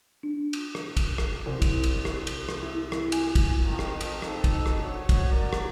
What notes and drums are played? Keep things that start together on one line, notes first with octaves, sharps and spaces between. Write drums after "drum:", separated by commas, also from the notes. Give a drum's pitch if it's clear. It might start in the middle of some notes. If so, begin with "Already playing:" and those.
D4
drum: cymbal
drum: rim click
drum: kick, cymbal
drum: rim click
C2
drum: kick, cymbal
drum: cymbal
drum: rim click
drum: cymbal
drum: rim click
E4
drum: rim click
G#5, drum: cymbal
drum: kick, cymbal
F2 D#3
drum: rim click
drum: cymbal
F2 C4 D#4 A4, drum: rim click
drum: kick, cymbal
drum: rim click
F#3 C4 D4 C#5
drum: kick, cymbal
F#4 A#4 D5
drum: rim click